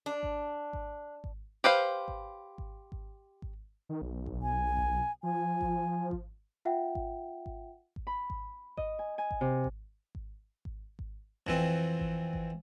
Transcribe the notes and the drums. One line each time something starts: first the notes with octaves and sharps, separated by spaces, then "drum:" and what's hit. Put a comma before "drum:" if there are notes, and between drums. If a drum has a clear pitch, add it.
D4
drum: kick G#1
drum: kick G#1
drum: kick G#1
G4 B4 C5 F5
drum: kick G#1
drum: kick G#1
drum: kick G#1
drum: kick G#1
D#3
B1
drum: kick G#1
G#5
drum: kick G#1
F3 G#5
drum: kick G#1
drum: kick G#1
F4 E5 F#5 G5
drum: kick G#1
drum: kick G#1
drum: kick G#1
B5
drum: kick G#1
D#5, drum: kick G#1
G#5
G#5
drum: kick G#1
C3
drum: kick G#1
drum: kick G#1
drum: kick G#1
drum: kick G#1
F2 E3 C4, drum: kick G#1
drum: kick G#1
drum: kick G#1